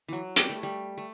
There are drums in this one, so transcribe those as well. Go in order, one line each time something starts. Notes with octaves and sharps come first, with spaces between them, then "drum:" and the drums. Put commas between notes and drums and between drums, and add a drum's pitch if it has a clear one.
E3 F#3
G3, drum: hi-hat
A3
G3
A3